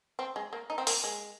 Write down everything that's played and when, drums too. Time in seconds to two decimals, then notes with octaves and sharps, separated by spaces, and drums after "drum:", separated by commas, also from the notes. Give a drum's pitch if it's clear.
0.19 C4
0.36 G#3
0.53 A#3
0.70 D#4
0.78 C4
0.87 A#3, drum: open hi-hat
1.04 G#3